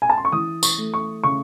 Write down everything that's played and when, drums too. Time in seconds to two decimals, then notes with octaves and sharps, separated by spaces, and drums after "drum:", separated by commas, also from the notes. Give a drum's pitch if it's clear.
0.02 G#5
0.10 A5
0.18 C6
0.25 C#6
0.32 E3 D#6
0.63 C#6, drum: tambourine
0.78 A3
0.94 C#6
1.24 C#3 C#6